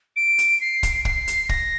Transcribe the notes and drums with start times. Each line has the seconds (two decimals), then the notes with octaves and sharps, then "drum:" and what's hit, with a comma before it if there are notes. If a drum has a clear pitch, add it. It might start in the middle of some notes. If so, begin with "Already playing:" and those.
0.16 D7
0.38 drum: hi-hat
0.61 C7
0.83 drum: kick, hi-hat
1.05 C7, drum: kick
1.28 drum: hi-hat
1.49 A#6, drum: kick